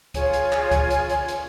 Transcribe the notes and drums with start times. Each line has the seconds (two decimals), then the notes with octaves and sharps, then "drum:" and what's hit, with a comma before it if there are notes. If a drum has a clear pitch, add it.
0.14 F4 G#4 C#5 G#5, drum: kick C#2, hi-hat
0.33 drum: hi-hat
0.52 drum: clap
0.71 drum: kick C#2, hi-hat
0.90 drum: hi-hat
1.09 drum: hi-hat
1.28 drum: hi-hat